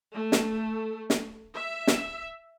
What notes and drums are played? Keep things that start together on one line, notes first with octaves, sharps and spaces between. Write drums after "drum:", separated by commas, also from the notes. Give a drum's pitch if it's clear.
A3
drum: snare
drum: snare
E5
drum: snare